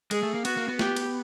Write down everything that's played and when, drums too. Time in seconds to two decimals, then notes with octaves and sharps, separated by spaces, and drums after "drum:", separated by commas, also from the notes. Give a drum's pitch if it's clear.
0.11 G#3 G#4, drum: cymbal
0.23 A3
0.34 A#3
0.45 B3 F#4, drum: cymbal
0.57 A#3
0.68 B3
0.79 G4, drum: snare
0.96 drum: cymbal